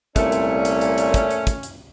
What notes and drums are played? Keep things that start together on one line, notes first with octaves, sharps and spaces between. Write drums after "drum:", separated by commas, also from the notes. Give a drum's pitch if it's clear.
C2 A#2 A3 C#4, drum: kick, hi-hat
drum: hi-hat
drum: hi-hat
drum: hi-hat
drum: hi-hat
drum: kick, hi-hat
drum: hi-hat
drum: kick, hi-hat
drum: hi-hat